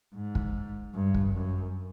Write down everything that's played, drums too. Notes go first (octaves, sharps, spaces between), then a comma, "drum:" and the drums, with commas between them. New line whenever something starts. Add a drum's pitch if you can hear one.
G#2
drum: kick
G2
drum: kick
F#2